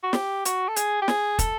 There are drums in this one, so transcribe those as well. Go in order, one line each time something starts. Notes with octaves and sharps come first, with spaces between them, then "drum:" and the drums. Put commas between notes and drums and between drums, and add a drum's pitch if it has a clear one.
F#4
G4, drum: snare
F#4, drum: hi-hat
A4
G#4, drum: hi-hat
G4
G#4, drum: snare
A4, drum: kick, hi-hat